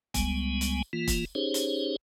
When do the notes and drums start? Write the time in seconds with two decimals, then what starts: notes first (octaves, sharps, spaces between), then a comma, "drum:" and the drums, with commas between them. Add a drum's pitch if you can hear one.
0.14 C#2 G3 G#3 B3 G#5, drum: kick E1, hi-hat
0.61 drum: hi-hat
0.93 E3 A#3 F4
1.07 drum: kick E1, hi-hat
1.35 C#4 D#4 G4 G#4 C5 C#5
1.54 drum: hi-hat